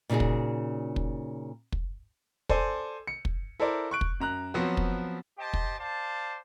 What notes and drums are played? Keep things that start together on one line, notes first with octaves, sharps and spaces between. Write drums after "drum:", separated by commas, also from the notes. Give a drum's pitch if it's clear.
A#2 C#3 D#4 F#4 G#4
drum: kick
drum: kick
drum: kick
A4 C5 D5 G#5 C6, drum: kick
C#7
drum: kick
E4 A4 A#4 C5 D5
C#6 F#6 D7
drum: kick
F#2 A#5 F#6
F3 F#3 B3 C4 F#4
drum: kick
G4 C5 D#5 G5 A5
drum: kick
C5 D5 F5 A5